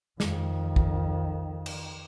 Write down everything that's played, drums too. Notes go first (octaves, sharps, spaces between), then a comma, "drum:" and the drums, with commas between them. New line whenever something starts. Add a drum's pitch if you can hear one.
F2 D#3, drum: snare
drum: kick B1
drum: cymbal